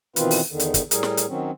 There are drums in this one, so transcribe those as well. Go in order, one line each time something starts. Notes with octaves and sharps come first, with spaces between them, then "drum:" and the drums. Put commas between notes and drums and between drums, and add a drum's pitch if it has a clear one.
B2 D#3 E3 C4 F4 B4, drum: hi-hat
drum: open hi-hat
E2 D3 D#3
drum: hi-hat
drum: kick, hi-hat
A2 G3 G#4 A#4, drum: hi-hat
drum: snare
drum: hi-hat
D#3 F#3 C4 C#4